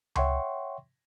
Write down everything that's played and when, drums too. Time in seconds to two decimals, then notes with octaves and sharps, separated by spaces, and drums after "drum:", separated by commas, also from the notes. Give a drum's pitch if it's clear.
0.16 C#5 E5 F#5 G5 C6 C#6, drum: tom C#2